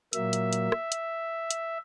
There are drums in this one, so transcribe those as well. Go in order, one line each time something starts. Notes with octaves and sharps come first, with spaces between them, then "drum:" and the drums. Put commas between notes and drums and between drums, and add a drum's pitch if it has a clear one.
A#2 F#3 A#3 E5, drum: hi-hat
drum: hi-hat
drum: hi-hat
drum: rim click
drum: hi-hat
drum: hi-hat